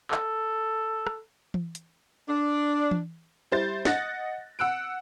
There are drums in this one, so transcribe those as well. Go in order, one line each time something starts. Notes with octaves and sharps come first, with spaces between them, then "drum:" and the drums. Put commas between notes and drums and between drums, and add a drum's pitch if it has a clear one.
A4, drum: clap
drum: rim click
drum: tom E3
drum: hi-hat
D4
drum: tom E3
G3 E4 C5 G6 A6
D#5 F#5 F#6 A6 A#6, drum: snare
F#5 E6 F#6 D7